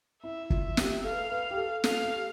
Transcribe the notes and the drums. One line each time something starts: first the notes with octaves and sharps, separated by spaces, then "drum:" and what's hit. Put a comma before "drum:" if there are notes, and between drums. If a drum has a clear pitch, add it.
E4 E5
F4, drum: kick
G4, drum: snare
A4 F5
B4
A4
B4
G4
A4
A4 F5, drum: snare
A4
G4